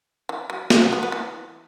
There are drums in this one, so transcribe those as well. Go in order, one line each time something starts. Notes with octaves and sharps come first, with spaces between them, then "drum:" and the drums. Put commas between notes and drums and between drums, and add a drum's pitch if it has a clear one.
E3
F#3
G#3, drum: snare
B3
B3
B3
E3